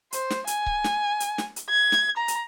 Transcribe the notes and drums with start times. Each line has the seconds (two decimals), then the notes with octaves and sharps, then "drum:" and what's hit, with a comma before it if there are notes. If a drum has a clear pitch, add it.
0.12 C5, drum: hi-hat
0.30 drum: snare
0.47 G#5, drum: hi-hat
0.66 drum: kick C#1
0.84 drum: snare
1.20 drum: hi-hat
1.38 drum: snare
1.56 drum: hi-hat
1.70 G#6
1.92 drum: snare
2.17 A#5
2.28 drum: hi-hat